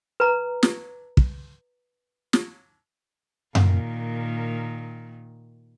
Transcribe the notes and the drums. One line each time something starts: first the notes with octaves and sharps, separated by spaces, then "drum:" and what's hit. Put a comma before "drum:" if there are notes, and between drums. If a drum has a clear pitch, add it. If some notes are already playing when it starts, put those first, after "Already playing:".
B4 A#5
drum: snare
drum: kick
drum: snare
A#2 D#3, drum: tom F#2